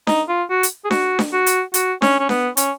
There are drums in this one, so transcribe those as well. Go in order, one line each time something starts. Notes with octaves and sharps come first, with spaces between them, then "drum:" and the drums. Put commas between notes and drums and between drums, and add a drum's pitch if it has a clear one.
D#4, drum: snare D4
F4
F#4
drum: hi-hat
G#4
F#4, drum: snare D4
drum: snare D4
F#4
drum: hi-hat
F#4, drum: hi-hat
C#4, drum: snare D4
C#4
B3, drum: snare D4
C#4, drum: hi-hat